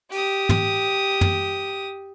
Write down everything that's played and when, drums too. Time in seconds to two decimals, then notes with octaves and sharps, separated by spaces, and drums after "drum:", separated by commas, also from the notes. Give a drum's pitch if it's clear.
0.12 G4 D#6, drum: open hi-hat
0.49 drum: tom
1.21 drum: tom F#2